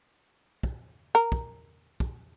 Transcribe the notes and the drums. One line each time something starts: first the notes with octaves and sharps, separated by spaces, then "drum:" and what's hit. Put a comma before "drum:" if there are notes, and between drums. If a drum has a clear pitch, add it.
drum: kick
A#4
drum: kick
drum: kick